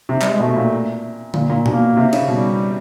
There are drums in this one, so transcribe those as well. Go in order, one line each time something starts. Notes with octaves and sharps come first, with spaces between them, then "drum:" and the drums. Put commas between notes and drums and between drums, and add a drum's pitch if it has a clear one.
C3
G3, drum: clap
G#3
B2 A3
A#2
A#2, drum: tom D3
A#2
B2 A#3, drum: tom A2
C3
C#3, drum: cymbal
B2 G3